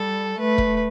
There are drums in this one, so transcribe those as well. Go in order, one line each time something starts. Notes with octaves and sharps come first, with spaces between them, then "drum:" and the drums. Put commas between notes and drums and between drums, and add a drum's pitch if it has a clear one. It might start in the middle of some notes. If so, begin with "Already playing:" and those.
Already playing: G3 A4
A3 B4
drum: kick E1